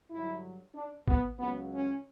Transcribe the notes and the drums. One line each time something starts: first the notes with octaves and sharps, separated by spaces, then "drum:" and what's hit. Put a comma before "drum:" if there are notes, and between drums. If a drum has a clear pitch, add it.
G2 D3 F#3 E4
D4
B3, drum: kick A1
C#2 C#3 F#3 B3
C#4